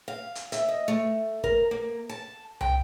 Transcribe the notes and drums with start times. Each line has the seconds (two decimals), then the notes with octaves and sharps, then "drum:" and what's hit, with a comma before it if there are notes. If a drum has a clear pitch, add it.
0.08 F5
0.35 drum: hi-hat
0.52 E5, drum: hi-hat
0.68 D#5
0.88 A3
1.44 A#4, drum: kick
1.71 A#3
2.09 A5
2.61 G5, drum: tom